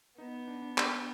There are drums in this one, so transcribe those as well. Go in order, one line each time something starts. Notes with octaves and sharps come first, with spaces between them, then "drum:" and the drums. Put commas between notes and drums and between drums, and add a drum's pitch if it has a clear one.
B3 D#4
D4
D4
D4, drum: clap
D4